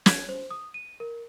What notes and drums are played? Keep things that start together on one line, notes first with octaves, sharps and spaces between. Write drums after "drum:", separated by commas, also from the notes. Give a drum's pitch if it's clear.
G#6, drum: snare
C5
D#6
D#7
A#4